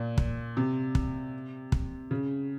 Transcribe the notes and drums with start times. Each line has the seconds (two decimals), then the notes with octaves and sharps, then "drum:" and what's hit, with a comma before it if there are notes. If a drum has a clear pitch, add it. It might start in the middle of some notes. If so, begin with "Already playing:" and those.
Already playing: A#2
0.18 drum: kick
0.57 C3
0.95 drum: kick
1.72 drum: kick
2.11 C#3